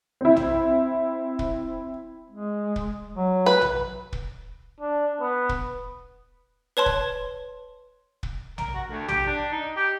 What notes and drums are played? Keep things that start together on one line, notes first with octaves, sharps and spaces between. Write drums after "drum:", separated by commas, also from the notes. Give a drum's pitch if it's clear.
C4 E4
drum: tom A#1
drum: kick
G#3
drum: kick
F#3
B4
drum: tom A#1
drum: kick
D4
B3
drum: kick
B4 C#5 A5 C6
drum: kick
drum: kick
A#4, drum: tom A#1
F#4
D2
G4, drum: tom A#1
D4
D#4
G4